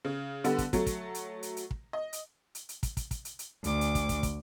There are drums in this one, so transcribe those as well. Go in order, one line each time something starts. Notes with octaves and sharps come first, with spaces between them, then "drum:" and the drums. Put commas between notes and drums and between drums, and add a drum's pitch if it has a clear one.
C#3
D3 G3 B3, drum: hi-hat
drum: kick, hi-hat
F#3 A3, drum: kick, hi-hat
drum: kick, hi-hat
drum: hi-hat
drum: hi-hat
drum: hi-hat
drum: kick
D#5
drum: hi-hat
drum: hi-hat
drum: hi-hat
drum: kick, hi-hat
drum: kick, hi-hat
drum: kick, hi-hat
drum: hi-hat
drum: hi-hat
D2 D6, drum: hi-hat
drum: hi-hat
drum: kick, hi-hat
drum: kick, hi-hat
drum: kick, hi-hat